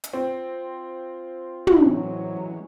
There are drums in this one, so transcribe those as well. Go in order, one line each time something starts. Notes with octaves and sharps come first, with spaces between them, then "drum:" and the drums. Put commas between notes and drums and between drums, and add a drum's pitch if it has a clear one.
drum: hi-hat
C4 F4
drum: tom
A2 E3 F#3 G#3 C#4